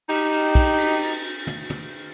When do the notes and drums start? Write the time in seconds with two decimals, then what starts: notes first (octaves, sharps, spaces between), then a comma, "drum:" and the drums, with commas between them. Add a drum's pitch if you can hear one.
0.09 D#4 G4, drum: cymbal
0.32 drum: cymbal
0.55 drum: kick, cymbal
0.78 drum: cymbal
1.01 drum: cymbal
1.47 drum: tom
1.70 drum: tom